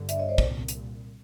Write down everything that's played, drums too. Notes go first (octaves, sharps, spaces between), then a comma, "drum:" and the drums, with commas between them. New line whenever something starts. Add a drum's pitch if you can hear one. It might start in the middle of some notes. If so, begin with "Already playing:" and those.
Already playing: G1 G2 D3
D5 E5, drum: hi-hat
C#5 D#5
C5 D5
C2 A#2, drum: kick
drum: hi-hat